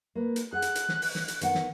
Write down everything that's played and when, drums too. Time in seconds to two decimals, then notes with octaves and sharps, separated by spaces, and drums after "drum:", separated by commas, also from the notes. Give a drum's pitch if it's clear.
0.15 A#3 B4
0.36 drum: hi-hat
0.53 G#4 F#5 F#6
0.62 drum: hi-hat
0.75 drum: hi-hat
0.89 drum: snare
1.02 drum: open hi-hat
1.15 drum: snare
1.28 drum: hi-hat
1.41 D#3 B3 F#5, drum: hi-hat
1.54 drum: snare